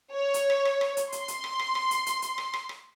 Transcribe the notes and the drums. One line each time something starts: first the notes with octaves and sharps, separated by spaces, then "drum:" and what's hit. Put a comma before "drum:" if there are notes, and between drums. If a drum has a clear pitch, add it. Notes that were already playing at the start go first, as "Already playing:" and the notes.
C#5
drum: hi-hat
drum: rim click
drum: rim click
drum: rim click
drum: hi-hat
C6, drum: hi-hat
drum: hi-hat
drum: rim click
drum: rim click
drum: rim click
drum: hi-hat
drum: hi-hat
drum: hi-hat
drum: rim click
drum: rim click
drum: rim click